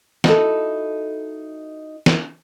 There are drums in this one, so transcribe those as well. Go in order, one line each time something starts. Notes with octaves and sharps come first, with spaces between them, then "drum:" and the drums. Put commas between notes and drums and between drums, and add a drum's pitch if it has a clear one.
D#4 E4 F#4 A4, drum: snare
drum: snare